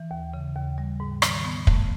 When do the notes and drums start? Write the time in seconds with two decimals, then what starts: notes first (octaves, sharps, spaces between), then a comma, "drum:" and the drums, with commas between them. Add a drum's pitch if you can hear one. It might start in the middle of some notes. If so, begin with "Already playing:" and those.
Already playing: E3
0.11 D#2
0.34 C#3
0.56 D#2
0.78 G3
1.00 G#2
1.22 D#3, drum: rim click
1.45 B3
1.67 A3, drum: kick